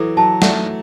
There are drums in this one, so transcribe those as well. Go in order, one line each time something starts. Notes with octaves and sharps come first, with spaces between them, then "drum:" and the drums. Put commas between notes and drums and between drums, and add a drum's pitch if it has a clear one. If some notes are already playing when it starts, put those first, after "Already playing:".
Already playing: E3 F#3 A4
F#3 A5
A3 F#5, drum: snare